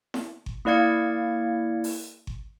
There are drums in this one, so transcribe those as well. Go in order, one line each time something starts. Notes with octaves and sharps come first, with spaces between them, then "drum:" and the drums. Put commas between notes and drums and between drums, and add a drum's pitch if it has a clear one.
drum: snare E4
drum: kick G1
A#3 E4 D5 F5 G#6 C#7
drum: open hi-hat
drum: kick G1